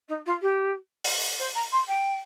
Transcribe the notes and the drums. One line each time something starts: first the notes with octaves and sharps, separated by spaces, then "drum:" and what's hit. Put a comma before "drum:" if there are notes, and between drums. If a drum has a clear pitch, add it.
D#4
F4
G4
drum: open hi-hat
C5
A#5
C6
G5